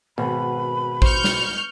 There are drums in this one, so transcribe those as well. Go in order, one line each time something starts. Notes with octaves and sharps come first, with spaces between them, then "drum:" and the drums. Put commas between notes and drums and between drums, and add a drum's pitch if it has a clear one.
G#1 B2 B5
C5 C#6 F6 G6, drum: kick A1
drum: snare